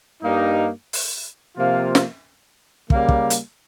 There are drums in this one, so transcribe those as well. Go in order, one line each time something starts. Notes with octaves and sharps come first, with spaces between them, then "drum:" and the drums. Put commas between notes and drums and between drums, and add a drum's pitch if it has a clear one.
G2 G3 A#3 D#4
drum: open hi-hat
C3 F3 A#3 F4
drum: snare
C#3 G3 A#3, drum: kick
drum: kick
drum: hi-hat